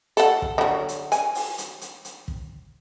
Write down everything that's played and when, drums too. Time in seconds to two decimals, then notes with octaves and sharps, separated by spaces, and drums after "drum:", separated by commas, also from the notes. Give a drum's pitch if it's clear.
0.17 A4 F#5, drum: hi-hat
0.42 drum: kick
0.58 D3 F#3
0.89 drum: hi-hat
1.12 G#5, drum: hi-hat
1.35 drum: open hi-hat
1.58 drum: hi-hat
1.81 drum: hi-hat
2.05 drum: hi-hat
2.28 drum: kick